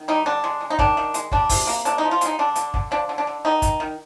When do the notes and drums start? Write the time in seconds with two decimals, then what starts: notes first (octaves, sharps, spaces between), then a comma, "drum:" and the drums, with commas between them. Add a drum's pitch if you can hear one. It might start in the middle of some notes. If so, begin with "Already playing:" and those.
Already playing: D#3
0.08 G3 D#4
0.26 D3 D4
0.44 G#3
0.61 G#3
0.70 D#4
0.79 D#3 D4, drum: kick
0.97 D#3
1.14 G#3, drum: hi-hat
1.32 G3 D4, drum: kick
1.49 C3, drum: kick, open hi-hat
1.67 A#3
1.85 C3 D4, drum: hi-hat
1.98 D#4
2.03 F3
2.11 F4
2.21 G#3 D#4, drum: hi-hat
2.39 D3 D4
2.55 D3, drum: hi-hat
2.74 D3, drum: kick
2.91 F3 D4
3.09 D3
3.18 D4
3.27 D3
3.45 D#3 D#4
3.62 D#3, drum: kick, hi-hat
3.80 D#3